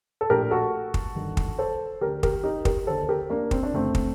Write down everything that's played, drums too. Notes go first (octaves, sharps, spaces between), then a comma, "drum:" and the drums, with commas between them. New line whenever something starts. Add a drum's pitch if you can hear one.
A4
A#1 A2 G4 A#4
F#4 A4
drum: kick
G1 G2 D#3
drum: kick
A4 C5
D2 D3 G4 A#4
G4 A#4, drum: kick
D#4 G4
G4 A#4, drum: kick
D#2 D3 A4 C5
G4 A#4
A#3 D4
C4, drum: kick
D4
F#1 F#2 D3 A3 C4
drum: kick